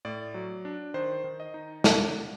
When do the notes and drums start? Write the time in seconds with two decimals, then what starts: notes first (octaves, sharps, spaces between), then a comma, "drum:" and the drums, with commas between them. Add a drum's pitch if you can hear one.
0.05 A2 D5
0.34 F#3
0.65 D4
0.94 D#3 C5
1.24 D#3
1.40 D#5
1.54 D#4
1.84 D4 F#5, drum: snare
2.14 D4